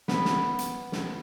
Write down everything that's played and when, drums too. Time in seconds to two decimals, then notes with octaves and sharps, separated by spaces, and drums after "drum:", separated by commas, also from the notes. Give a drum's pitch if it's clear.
0.08 B3, drum: snare
0.25 drum: snare
0.59 drum: hi-hat
0.92 drum: snare